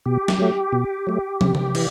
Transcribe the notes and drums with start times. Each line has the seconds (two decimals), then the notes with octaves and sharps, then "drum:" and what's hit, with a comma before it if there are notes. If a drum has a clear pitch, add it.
0.06 B2 G4
0.28 drum: snare
0.38 F#3 A3
0.73 B2
1.07 F#3 A3
1.41 C3, drum: tom
1.55 drum: tom
1.75 E3, drum: cymbal